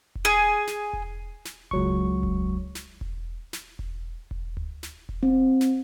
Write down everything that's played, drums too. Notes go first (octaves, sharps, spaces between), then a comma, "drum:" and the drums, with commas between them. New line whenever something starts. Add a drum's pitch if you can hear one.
drum: kick E1
G#4
drum: snare
drum: kick E1
drum: snare
C#2 F#3 C#6, drum: kick E1
drum: kick E1
drum: snare
drum: kick E1
drum: snare
drum: kick E1
drum: kick E1
drum: tom D2
drum: snare
drum: kick E1
C4
drum: snare